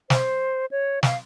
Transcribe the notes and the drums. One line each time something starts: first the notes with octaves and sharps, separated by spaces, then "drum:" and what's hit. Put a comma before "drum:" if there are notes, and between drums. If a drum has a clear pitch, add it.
C5, drum: snare
C#5
F5, drum: snare